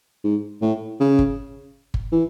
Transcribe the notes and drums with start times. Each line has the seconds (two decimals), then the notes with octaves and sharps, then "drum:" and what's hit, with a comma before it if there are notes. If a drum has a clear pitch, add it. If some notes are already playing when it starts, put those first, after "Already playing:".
0.24 G#2
0.62 A2
1.00 C#3
1.19 drum: kick G1
1.94 drum: kick G1
2.12 E3